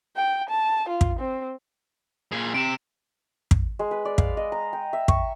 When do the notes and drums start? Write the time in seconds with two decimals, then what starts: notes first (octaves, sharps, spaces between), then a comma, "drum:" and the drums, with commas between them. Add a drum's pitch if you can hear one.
0.16 G5
0.49 A5
0.89 F4
1.01 drum: kick
1.19 C4
2.32 A#2 G#4
2.54 C3 D7 E7
3.51 drum: kick
3.79 G#3
3.91 B4
4.05 D5
4.18 F5, drum: kick
4.37 D#5
4.52 A#5
4.73 G5
4.93 E5
5.08 C#6, drum: kick